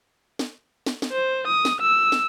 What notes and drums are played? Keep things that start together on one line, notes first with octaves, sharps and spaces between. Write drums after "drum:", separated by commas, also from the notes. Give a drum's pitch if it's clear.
drum: snare
drum: snare
drum: snare
C5
D#6
drum: snare
E6
drum: snare